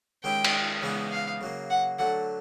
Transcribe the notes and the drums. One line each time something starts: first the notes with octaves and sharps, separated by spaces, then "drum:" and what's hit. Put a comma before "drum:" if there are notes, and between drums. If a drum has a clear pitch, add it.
D#3 G#3 C#4 E4 G4 G5
drum: cymbal
C#3 E3 G#3 B3 D#4
F5
C#3 F#3 A#3
F#5
D3 F#3 A3 F#5